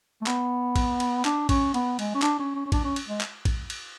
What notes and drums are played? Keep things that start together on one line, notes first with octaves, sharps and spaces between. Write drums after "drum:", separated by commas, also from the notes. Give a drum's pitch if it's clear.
A3
B3, drum: clap
drum: kick, cymbal
drum: cymbal
D4, drum: clap
C#4, drum: kick, cymbal
B3, drum: cymbal
G#3, drum: cymbal
C#4
D4, drum: clap
C#4
C#4
C#4
D4, drum: kick, cymbal
C#4
drum: cymbal
G#3
drum: clap
drum: kick, cymbal
drum: cymbal